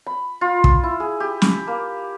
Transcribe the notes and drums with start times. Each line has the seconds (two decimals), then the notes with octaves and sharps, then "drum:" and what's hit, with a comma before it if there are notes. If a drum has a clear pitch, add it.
0.07 B5
0.41 F4
0.64 drum: kick
0.84 E4
1.00 G#4
1.20 G4
1.42 drum: snare
1.67 A#3